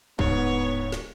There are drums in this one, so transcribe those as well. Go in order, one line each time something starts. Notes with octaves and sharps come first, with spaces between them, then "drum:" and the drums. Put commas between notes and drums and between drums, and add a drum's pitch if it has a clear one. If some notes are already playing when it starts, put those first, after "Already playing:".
D1 G#2 B3 C#5, drum: kick
drum: snare